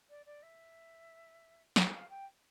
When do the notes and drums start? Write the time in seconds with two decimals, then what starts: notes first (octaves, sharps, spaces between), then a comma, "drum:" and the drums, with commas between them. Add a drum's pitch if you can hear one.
0.10 D5
0.26 D5
0.42 E5
1.76 F5, drum: snare
1.93 F5
2.10 G5